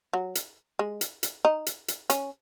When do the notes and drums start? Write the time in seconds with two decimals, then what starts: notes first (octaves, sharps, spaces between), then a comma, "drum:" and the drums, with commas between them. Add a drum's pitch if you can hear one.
0.13 F#3
0.35 drum: hi-hat
0.79 G#3
1.01 drum: hi-hat
1.23 drum: hi-hat
1.45 D#4
1.66 drum: hi-hat
1.88 drum: hi-hat
2.10 C#4, drum: hi-hat